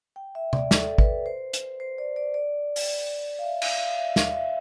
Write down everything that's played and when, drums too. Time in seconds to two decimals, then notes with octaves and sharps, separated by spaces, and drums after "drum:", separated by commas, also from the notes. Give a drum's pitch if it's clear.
0.16 G5
0.35 E5
0.53 D5, drum: tom C3
0.71 A4, drum: snare
0.98 B4, drum: kick
1.26 C5
1.53 drum: hi-hat
1.80 C5
1.98 D5
2.16 D5
2.34 D5
2.76 drum: open hi-hat
3.39 F5
3.44 E5
3.62 F5, drum: cymbal
3.80 F5
3.97 E5
4.16 F5, drum: snare
4.34 E5